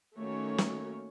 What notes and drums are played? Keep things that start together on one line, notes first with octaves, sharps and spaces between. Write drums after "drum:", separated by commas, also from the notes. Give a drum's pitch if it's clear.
D#3 A3 A#3 C#4 F#4 C#5
drum: snare